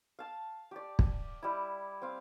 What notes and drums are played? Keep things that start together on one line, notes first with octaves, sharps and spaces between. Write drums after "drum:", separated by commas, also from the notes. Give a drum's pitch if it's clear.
F5 A5
G4 D5
drum: kick
G3 E4
C4 F5